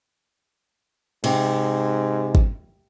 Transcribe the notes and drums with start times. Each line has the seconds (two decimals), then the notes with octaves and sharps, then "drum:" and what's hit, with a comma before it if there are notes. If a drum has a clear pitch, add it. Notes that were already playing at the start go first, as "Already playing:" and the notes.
1.24 G#2 C3, drum: cymbal
2.35 drum: kick G#1